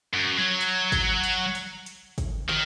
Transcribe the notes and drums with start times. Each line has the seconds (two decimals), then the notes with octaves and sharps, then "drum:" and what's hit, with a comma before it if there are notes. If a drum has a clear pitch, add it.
0.14 F#2
0.38 F#3
0.61 drum: hi-hat
0.92 drum: kick, hi-hat
1.24 drum: hi-hat
1.55 drum: hi-hat
1.86 drum: hi-hat
2.18 drum: kick, hi-hat
2.49 D#3, drum: snare